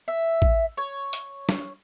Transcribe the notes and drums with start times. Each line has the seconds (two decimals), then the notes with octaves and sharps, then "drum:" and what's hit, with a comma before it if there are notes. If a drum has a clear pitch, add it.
0.08 E5
0.42 drum: kick A1
0.77 C#5
1.13 drum: hi-hat
1.49 drum: snare